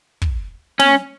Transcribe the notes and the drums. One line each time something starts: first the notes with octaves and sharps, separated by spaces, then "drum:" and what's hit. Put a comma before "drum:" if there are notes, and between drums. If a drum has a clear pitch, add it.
drum: kick
C#4, drum: snare